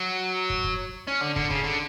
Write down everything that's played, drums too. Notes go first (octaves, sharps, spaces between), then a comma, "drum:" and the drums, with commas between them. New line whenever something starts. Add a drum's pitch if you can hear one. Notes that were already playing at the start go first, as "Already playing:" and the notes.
Already playing: F#3
drum: kick
drum: kick
C#4
D3
D3, drum: kick
C#3, drum: kick
D3